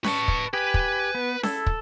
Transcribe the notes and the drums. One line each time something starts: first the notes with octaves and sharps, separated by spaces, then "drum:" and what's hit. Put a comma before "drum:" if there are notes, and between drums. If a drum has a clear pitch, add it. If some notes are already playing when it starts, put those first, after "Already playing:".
B4 A5 C#6, drum: snare C#4
drum: kick
G4 B4 G#5
drum: kick
B3
E4 A4, drum: snare C#4
drum: kick